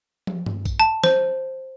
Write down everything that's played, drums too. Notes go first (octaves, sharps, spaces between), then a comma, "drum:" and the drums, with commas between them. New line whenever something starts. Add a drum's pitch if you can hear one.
drum: tom
drum: tom G2
drum: kick, tambourine
A5
C5, drum: snare